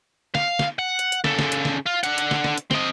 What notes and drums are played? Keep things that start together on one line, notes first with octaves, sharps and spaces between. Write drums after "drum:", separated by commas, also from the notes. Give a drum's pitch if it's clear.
F5, drum: snare
drum: snare
F#5
drum: hi-hat
drum: hi-hat
C#3 A4, drum: snare
drum: snare
drum: hi-hat
drum: snare
F4
D3 F#5, drum: hi-hat
drum: hi-hat
drum: snare
drum: snare
drum: hi-hat
C4 D#5, drum: snare